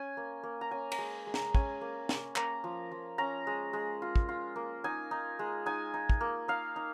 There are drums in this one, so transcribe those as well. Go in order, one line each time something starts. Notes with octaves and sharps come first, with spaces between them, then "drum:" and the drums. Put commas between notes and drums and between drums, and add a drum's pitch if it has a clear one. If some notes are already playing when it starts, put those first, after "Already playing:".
Already playing: C#4 G#5
A#3
A#3
A#5
C#4 G#5
A#5, drum: cymbal
G#3
G#3
A#5, drum: snare
C#4 G#5, drum: kick
A#3
A#3, drum: snare
A#3 A#5, drum: clap
F3
F3
C#4 A#5
G#3
G#3
F4
drum: kick
F4
A#3
D#4 G#5
D#4
G#3
D#4 G#5
D#4
drum: kick
A#3
D#4 F5
D#4